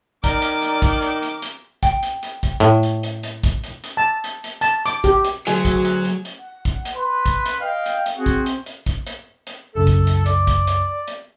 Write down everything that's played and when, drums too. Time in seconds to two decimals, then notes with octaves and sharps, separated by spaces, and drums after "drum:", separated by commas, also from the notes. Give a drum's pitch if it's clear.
0.24 D#3 D5 A#5 D6 F6 A#6, drum: kick, hi-hat
0.42 drum: hi-hat
0.62 drum: hi-hat
0.82 drum: kick, hi-hat
1.02 drum: hi-hat
1.22 drum: hi-hat
1.42 drum: hi-hat
1.83 G5, drum: kick, hi-hat
2.03 drum: hi-hat
2.23 drum: hi-hat
2.43 drum: kick, hi-hat
2.60 A2, drum: hi-hat
2.83 drum: hi-hat
3.03 drum: hi-hat
3.23 drum: hi-hat
3.44 drum: kick, hi-hat
3.64 drum: hi-hat
3.84 drum: hi-hat
3.97 A5
4.24 drum: hi-hat
4.44 drum: hi-hat
4.61 A5, drum: hi-hat
4.86 D6, drum: hi-hat
5.04 G4, drum: kick, hi-hat
5.24 drum: hi-hat
5.47 D2 F#3 G#4, drum: hi-hat
5.65 drum: kick, hi-hat
5.85 drum: hi-hat
6.05 drum: hi-hat
6.25 drum: hi-hat
6.39 F#5
6.65 drum: kick, hi-hat
6.85 drum: hi-hat
6.95 B4 C6
7.26 drum: kick, hi-hat
7.46 drum: hi-hat
7.60 D#5 F5 G5
7.86 drum: hi-hat
8.06 drum: hi-hat
8.17 C4 F#4 G#4
8.26 drum: kick, hi-hat
8.46 drum: hi-hat
8.66 drum: hi-hat
8.86 drum: kick, hi-hat
9.07 drum: hi-hat
9.47 drum: hi-hat
9.75 C2 F#2 C#3 A4
9.87 drum: kick, hi-hat
10.07 drum: hi-hat
10.26 D5, drum: hi-hat
10.47 drum: kick, hi-hat
10.67 drum: hi-hat
11.08 drum: hi-hat